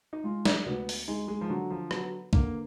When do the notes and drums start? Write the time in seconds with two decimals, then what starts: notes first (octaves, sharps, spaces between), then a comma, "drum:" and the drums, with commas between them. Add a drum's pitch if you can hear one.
0.13 D#4
0.24 G#3 F4
0.45 D4, drum: snare
0.66 D2 B3
0.89 drum: open hi-hat
1.08 G#3 D#4
1.28 G#3
1.41 F3
1.50 D3 F#3
1.70 F3
1.91 F#3 B3, drum: rim click
2.33 D3 A#3, drum: kick